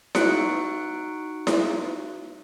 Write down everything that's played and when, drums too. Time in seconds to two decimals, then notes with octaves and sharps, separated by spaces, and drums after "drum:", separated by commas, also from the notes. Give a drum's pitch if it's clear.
0.15 D#4 F#4 F#6 C#7 D7, drum: snare E4
1.47 drum: snare E4